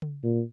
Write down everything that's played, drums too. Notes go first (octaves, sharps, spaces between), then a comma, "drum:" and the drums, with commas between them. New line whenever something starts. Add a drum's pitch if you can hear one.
drum: tom C#3
A#2